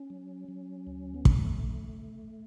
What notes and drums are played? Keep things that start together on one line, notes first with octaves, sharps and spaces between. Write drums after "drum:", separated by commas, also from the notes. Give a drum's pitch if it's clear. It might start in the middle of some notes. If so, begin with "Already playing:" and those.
Already playing: C#4
F#3
F#3
D2
B3
E2 A3, drum: kick